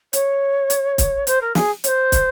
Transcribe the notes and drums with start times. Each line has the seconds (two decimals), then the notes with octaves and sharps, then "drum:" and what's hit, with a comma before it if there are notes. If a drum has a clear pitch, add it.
0.13 C#5, drum: hi-hat
0.70 drum: hi-hat
0.98 drum: kick, hi-hat
1.27 C5, drum: hi-hat
1.41 A#4
1.55 G#4, drum: snare
1.84 C#5, drum: hi-hat
1.87 C5
2.12 drum: kick, hi-hat